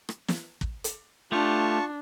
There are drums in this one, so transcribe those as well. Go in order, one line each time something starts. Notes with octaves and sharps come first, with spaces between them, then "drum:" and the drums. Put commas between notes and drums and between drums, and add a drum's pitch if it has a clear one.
drum: rim click
drum: snare
drum: kick
drum: hi-hat
A3 D4 F4 G4 A5 C#6